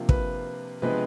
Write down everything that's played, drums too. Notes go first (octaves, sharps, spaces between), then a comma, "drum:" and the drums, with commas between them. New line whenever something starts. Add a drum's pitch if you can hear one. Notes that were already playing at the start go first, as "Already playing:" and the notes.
Already playing: C3 F3 A#3 D4 F4
B4, drum: kick
C3 F3 G#3 B3 D4 B4